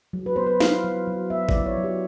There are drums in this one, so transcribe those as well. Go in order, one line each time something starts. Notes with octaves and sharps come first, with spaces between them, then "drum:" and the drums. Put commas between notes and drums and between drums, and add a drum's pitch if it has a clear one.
F#3
B4
B3 C5
B4
E4 F5, drum: snare
F#3
F#3
B3 E5
D5, drum: kick
E4
C#5
F#3
G4